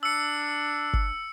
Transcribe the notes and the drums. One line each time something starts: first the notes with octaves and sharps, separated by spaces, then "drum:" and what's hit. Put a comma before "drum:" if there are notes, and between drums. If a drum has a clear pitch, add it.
D4 E6 C#7
drum: kick G1